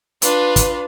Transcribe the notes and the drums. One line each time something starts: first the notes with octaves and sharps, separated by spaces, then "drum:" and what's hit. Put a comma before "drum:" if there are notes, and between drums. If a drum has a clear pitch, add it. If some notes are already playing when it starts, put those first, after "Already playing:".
D4 F4 B4, drum: hi-hat
drum: kick, hi-hat